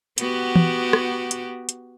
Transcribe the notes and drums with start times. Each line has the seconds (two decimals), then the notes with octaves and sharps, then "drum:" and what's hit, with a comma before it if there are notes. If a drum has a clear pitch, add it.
0.18 B3 F#4 G4, drum: hi-hat
0.56 drum: tom E3
0.93 drum: rim click
1.31 drum: hi-hat
1.69 drum: hi-hat